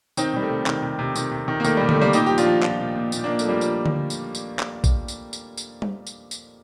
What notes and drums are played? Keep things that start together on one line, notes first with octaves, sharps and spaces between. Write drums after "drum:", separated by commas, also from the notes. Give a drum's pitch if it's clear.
D#3 C4 D#4, drum: tambourine
D#3 G3
A3
C3
D#3, drum: clap
C3
C3
D#3, drum: tambourine
C3
D#3
A#3
D#3 A3, drum: tambourine
C3 G3
A3, drum: tom D3
D#3 G3 A#3
A#2 D#4 G4, drum: tambourine
F3 G4
D4 F4, drum: tambourine
F3
F3, drum: clap
A#2
A#2
A#2, drum: tambourine
A#2 A#3 D4
A3, drum: tambourine
F3 G3 A#3
F3, drum: tambourine
drum: tom D3
drum: tambourine
drum: tambourine
drum: clap
drum: kick, tambourine
drum: tambourine
drum: tambourine
drum: tambourine
drum: tom G3
drum: tambourine
drum: tambourine